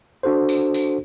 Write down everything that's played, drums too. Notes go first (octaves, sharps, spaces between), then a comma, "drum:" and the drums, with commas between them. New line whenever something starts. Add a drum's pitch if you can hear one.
D4 F#4 A4 C5
drum: tambourine
drum: tambourine